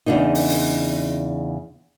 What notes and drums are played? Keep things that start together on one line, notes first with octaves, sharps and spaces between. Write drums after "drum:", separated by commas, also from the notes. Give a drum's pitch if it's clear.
E2 A#2 C#3 D4 D#4
drum: open hi-hat
drum: open hi-hat